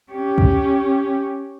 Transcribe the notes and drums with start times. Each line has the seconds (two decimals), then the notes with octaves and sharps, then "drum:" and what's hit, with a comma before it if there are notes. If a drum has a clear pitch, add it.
0.12 C#4 G4
0.38 drum: kick